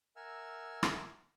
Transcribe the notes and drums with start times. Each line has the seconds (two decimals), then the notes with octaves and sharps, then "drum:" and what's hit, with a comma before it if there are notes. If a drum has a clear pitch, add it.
0.16 A#4 E5 F#5 G#5 E6 F6
0.83 drum: rim click